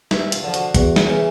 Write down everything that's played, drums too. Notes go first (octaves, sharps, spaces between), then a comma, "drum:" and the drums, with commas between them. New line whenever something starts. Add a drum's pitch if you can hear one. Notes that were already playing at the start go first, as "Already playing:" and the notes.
G2 E4, drum: snare
F4, drum: hi-hat
D3 F3
F#4, drum: hi-hat
E2 F#4, drum: kick, hi-hat
A#4, drum: snare
C#3 E3